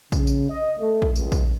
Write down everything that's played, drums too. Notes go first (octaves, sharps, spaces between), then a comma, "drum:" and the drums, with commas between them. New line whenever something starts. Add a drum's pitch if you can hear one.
C#3, drum: kick, tambourine
drum: tambourine
D#5
A3
drum: kick
C#2, drum: tambourine
drum: kick, tambourine